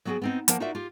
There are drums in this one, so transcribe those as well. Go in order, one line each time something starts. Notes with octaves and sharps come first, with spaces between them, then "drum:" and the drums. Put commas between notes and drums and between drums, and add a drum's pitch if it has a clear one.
F#3 B3 F#4 G#4 G5
B3 C4 D#4
F3 A#3 A#4 F#5 A5, drum: hi-hat
D#4 F4 F#4 A#4 D5 E5
F4 G4